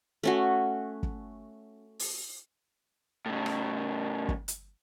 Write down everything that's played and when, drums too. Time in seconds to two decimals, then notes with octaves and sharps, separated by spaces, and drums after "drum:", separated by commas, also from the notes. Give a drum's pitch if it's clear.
0.23 A3 C#4 F#4
1.03 drum: kick
1.99 drum: open hi-hat
3.26 A2 C#3
3.46 drum: rim click
4.29 drum: kick
4.48 drum: hi-hat